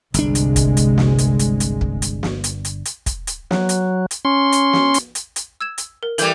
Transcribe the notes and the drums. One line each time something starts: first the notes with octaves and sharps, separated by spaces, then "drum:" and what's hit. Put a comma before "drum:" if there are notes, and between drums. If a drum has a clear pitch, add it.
G1 C2 G#3 D4, drum: hi-hat
drum: hi-hat
drum: kick, hi-hat
drum: hi-hat
drum: snare
drum: hi-hat
drum: hi-hat
drum: hi-hat
drum: kick
drum: hi-hat
drum: snare
drum: hi-hat
drum: hi-hat
drum: hi-hat
drum: kick, hi-hat
drum: hi-hat
F#3, drum: snare
drum: hi-hat
drum: hi-hat
C#4 C6
drum: hi-hat
drum: snare
drum: hi-hat
drum: hi-hat
drum: hi-hat
E6 G#6 E7
drum: hi-hat
A#4
E3 G3 A4 A#4 G6, drum: hi-hat